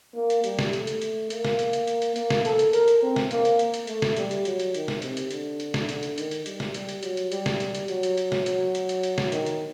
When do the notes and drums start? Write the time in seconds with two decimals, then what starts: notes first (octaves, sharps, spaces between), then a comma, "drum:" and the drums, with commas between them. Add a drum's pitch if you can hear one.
0.15 A#3
0.30 drum: hi-hat
0.44 G3, drum: hi-hat
0.59 drum: snare
0.73 A3, drum: hi-hat
0.87 drum: hi-hat
1.02 drum: hi-hat
1.30 A#3, drum: hi-hat
1.45 drum: snare
1.59 drum: hi-hat
1.73 drum: hi-hat
1.88 drum: hi-hat
2.02 drum: hi-hat
2.16 A#3, drum: hi-hat
2.30 drum: snare
2.45 A4, drum: hi-hat
2.59 drum: hi-hat
2.73 A#4, drum: hi-hat
2.88 drum: hi-hat
3.02 C4
3.16 drum: snare
3.31 A#3, drum: hi-hat
3.45 drum: hi-hat
3.59 drum: hi-hat
3.74 drum: hi-hat
3.87 A3, drum: hi-hat
4.02 drum: snare
4.17 G3, drum: hi-hat
4.31 drum: hi-hat
4.45 F#3, drum: hi-hat
4.60 drum: hi-hat
4.74 D#3, drum: hi-hat
4.88 drum: snare
5.02 C3, drum: hi-hat
5.17 drum: hi-hat
5.31 D3, drum: hi-hat
5.60 drum: hi-hat
5.74 drum: snare
5.89 D3, drum: hi-hat
6.03 drum: hi-hat
6.18 D#3, drum: hi-hat
6.31 drum: hi-hat
6.46 G3, drum: hi-hat
6.60 drum: snare
6.74 G3, drum: hi-hat
6.89 drum: hi-hat
7.03 F#3, drum: hi-hat
7.17 drum: hi-hat
7.32 G3, drum: hi-hat
7.46 drum: snare
7.60 drum: hi-hat
7.75 drum: hi-hat
7.88 F#3, drum: hi-hat
8.03 drum: hi-hat
8.18 drum: hi-hat
8.32 drum: snare
8.46 F#3, drum: hi-hat
8.75 drum: hi-hat
8.89 drum: hi-hat
9.03 drum: hi-hat
9.18 drum: snare
9.32 D#3, drum: hi-hat
9.46 drum: hi-hat